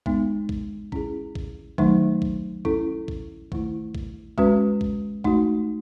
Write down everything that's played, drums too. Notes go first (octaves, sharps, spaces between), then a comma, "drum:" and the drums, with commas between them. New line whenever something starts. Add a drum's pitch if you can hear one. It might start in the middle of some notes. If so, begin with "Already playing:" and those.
G#3 B3 D#4, drum: kick A#1
drum: kick A#1
C#4 E4 G#4, drum: kick A#1
drum: kick A#1
D#3 F#3 A3 D#4, drum: kick A#1
drum: kick A#1
C#4 E4 A4, drum: kick A#1
drum: kick A#1
D#3 A3 E4, drum: kick A#1
drum: kick A#1
G#3 C#4 F#4 B4, drum: kick A#1
drum: kick A#1
A3 D#4 F#4, drum: kick A#1